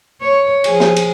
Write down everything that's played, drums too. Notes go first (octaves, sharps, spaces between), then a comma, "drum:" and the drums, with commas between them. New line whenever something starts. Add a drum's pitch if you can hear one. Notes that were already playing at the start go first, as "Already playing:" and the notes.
C#5
F3 G#4, drum: cymbal
drum: snare
drum: cymbal